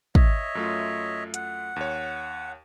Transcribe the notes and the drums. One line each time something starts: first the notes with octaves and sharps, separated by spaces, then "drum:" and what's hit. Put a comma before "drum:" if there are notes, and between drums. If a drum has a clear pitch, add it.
C#5 D#5 E5, drum: kick
F#2 A3 F4
F#5, drum: hi-hat
D#2 C#5